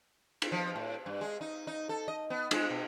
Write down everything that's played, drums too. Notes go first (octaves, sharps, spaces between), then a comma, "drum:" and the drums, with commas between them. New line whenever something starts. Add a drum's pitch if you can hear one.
drum: cymbal
F3
A2
G2
G#3
D#4
D#4
A4
D#5
B3
G#3, drum: cymbal
B2